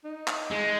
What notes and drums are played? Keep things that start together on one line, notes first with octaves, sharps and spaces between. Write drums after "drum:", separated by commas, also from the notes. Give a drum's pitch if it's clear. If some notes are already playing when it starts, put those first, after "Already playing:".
D#4
drum: clap
G#3